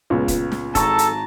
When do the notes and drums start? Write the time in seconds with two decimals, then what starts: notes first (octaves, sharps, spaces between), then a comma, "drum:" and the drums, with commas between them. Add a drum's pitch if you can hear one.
0.10 C#2 A#2 B3
0.28 drum: kick, hi-hat
0.52 drum: snare
0.75 G#1 A4 A5 A#5 C#6, drum: kick, hi-hat
0.98 drum: hi-hat